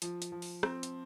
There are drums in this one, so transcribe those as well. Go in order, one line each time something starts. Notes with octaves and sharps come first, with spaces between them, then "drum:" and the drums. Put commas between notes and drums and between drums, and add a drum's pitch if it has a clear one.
F3, drum: hi-hat
drum: hi-hat
F3
drum: open hi-hat
C4, drum: rim click
drum: hi-hat